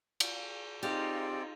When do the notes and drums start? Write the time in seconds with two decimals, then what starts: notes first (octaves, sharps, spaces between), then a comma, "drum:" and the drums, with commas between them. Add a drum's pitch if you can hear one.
0.20 drum: cymbal
0.83 C4 D#4 F4 G4 G#4 D5 F5